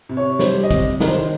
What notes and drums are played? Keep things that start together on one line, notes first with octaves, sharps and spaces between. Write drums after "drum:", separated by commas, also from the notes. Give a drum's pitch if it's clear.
C3
C#5
G3 C5, drum: snare
D#5
C3, drum: kick, hi-hat
D#3 A#4, drum: snare
C5